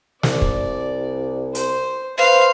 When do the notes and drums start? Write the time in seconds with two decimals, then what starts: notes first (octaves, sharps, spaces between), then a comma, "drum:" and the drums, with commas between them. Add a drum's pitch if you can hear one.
0.23 C2 D5, drum: snare
0.42 drum: kick
1.55 C5, drum: hi-hat
2.18 B4 C5 F5